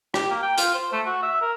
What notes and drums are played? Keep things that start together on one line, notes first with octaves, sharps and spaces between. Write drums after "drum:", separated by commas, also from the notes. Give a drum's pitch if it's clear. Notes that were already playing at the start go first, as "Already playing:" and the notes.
G4, drum: rim click
A#3
G5
F4, drum: hi-hat
C5
A3
F#4
E5
A#4